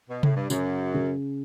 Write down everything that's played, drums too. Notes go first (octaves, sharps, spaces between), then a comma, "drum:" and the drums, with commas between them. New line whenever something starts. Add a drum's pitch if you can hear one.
B2
A2, drum: tom C3
G2
F#2 C#3, drum: tambourine
C#3